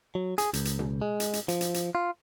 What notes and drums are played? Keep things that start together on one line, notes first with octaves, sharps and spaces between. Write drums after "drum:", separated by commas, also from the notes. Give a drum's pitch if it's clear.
F#3
G#4, drum: hi-hat
C#2, drum: hi-hat
drum: hi-hat
drum: tom B2
G#3
drum: hi-hat
drum: hi-hat
F3, drum: hi-hat
drum: hi-hat
drum: hi-hat
F4